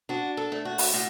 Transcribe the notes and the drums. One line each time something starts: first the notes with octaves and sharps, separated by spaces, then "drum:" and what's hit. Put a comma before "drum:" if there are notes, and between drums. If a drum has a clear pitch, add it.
D4 F#4
A4
A3
F#4
drum: open hi-hat
A2 F#4